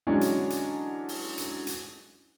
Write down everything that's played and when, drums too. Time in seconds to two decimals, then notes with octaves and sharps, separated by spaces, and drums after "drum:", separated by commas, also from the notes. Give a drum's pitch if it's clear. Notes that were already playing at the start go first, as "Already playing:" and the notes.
0.07 D3 E3 F#3 G#3 C#4 D4
0.21 drum: hi-hat
0.50 drum: hi-hat
1.09 drum: open hi-hat
1.38 drum: hi-hat
1.67 drum: hi-hat